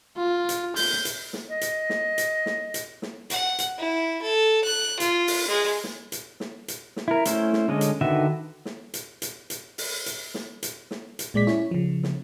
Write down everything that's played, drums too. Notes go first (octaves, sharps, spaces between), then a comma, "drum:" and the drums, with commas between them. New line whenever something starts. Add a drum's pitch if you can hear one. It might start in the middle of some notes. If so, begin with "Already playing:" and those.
F4
drum: hi-hat
G6, drum: open hi-hat
drum: hi-hat
drum: snare
D#5
drum: hi-hat
drum: snare
drum: hi-hat
drum: snare
drum: hi-hat
drum: snare
F#5, drum: hi-hat
drum: hi-hat
E4
A4
F#6
F4, drum: hi-hat
drum: open hi-hat
G#3
drum: snare
drum: hi-hat
drum: snare
drum: hi-hat
drum: snare
E4 A#4
A3 C#4 E4 C5, drum: hi-hat
drum: snare
D3 G#3 C#4 D#5
drum: hi-hat
D3 D#3 F#4 B4 E5
drum: snare
drum: hi-hat
drum: hi-hat
drum: hi-hat
drum: open hi-hat
drum: hi-hat
drum: snare
drum: hi-hat
drum: snare
drum: hi-hat
A#2 G#3 D5 B6
C#4 E4 C#5, drum: snare
C#3 F3
drum: snare